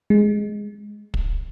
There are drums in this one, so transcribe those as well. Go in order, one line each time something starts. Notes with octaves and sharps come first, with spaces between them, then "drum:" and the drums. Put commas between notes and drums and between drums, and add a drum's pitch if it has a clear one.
G#3
drum: kick